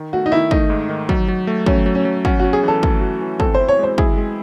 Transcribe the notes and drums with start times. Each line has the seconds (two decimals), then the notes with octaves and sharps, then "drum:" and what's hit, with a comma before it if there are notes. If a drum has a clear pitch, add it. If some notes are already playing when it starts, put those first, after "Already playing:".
Already playing: D#3
0.13 A3 F#4
0.26 D#4
0.31 D#3 E4
0.51 A3 D#4, drum: kick
0.70 G#2
0.89 D#3
1.09 F#3, drum: kick
1.28 F#3
1.47 A3
1.66 F#3 C#4, drum: kick
1.86 F#3
1.95 C#4
2.05 F#3
2.25 C#4 F#4, drum: kick
2.40 C#4 F#4
2.53 G#4
2.63 E3 A4
2.83 A3, drum: kick
3.01 F#4
3.21 E3
3.40 C4 A4, drum: kick
3.55 C5
3.60 E4
3.68 C#5
3.79 G#3 C5
3.98 E4 G#4, drum: kick
4.18 G#3